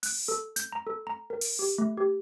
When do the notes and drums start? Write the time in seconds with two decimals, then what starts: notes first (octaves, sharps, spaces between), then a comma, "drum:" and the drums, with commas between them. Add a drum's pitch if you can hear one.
0.03 F#6, drum: open hi-hat
0.28 A4
0.56 G6, drum: hi-hat
0.73 A#5
0.87 A4
1.07 A#5
1.30 A#4
1.41 drum: open hi-hat
1.59 G4
1.78 A3
1.97 G4